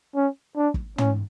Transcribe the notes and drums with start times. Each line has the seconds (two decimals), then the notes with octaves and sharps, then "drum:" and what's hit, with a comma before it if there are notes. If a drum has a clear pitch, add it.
0.15 C#4
0.56 D4
0.74 drum: kick
0.98 C#4, drum: tom